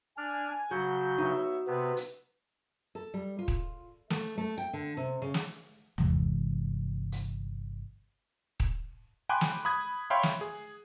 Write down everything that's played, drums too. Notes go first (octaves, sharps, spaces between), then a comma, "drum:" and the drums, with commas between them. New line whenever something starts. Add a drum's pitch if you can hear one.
D4 G#5 F6
C#3 F#3 F#4 G6
B3 D#4 C#5 E5
C3 B3 B4
drum: hi-hat
A4
G3
F4
drum: kick D#1
A3, drum: snare
A3
G5
D3
C3
C#3
drum: snare
G1 C3 E3 G#3, drum: tom D#2
drum: hi-hat
drum: kick D#1
G5 G#5 B5 C6 D6 F#6
drum: snare
B5 D#6 G#6
C#5 E5 F5 G5 B5 C6
drum: snare
G#4